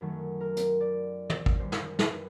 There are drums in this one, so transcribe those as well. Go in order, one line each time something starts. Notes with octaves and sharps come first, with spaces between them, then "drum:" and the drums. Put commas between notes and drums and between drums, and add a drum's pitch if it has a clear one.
F#2 D#3 F#3 A3
A#4
drum: hi-hat
D5
drum: tom
drum: kick
F#2 D#3 G3 B3 C5
drum: snare
B4, drum: snare